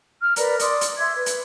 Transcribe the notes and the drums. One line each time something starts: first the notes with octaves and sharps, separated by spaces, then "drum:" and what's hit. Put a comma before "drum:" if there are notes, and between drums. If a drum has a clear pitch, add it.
F6
A#4 B4 D5 A#5, drum: hi-hat
D5 C6 D6 D#6, drum: hi-hat
drum: hi-hat
E5 C6 G#6
B4
drum: hi-hat